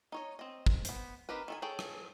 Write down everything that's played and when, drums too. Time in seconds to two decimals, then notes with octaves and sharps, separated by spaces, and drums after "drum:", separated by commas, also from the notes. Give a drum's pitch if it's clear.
0.12 D#4 C#5 D#5
0.39 C4 D#5
0.66 drum: kick
0.85 B3 C5, drum: hi-hat
1.29 C4 D#4 G4 A#4 B4
1.48 D#3 A4 G#5
1.62 G#4 A4 C#5 G5
1.79 drum: rim click